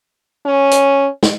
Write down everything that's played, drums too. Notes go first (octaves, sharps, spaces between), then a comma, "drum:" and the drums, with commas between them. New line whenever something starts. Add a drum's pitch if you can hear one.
C#4
drum: hi-hat
drum: snare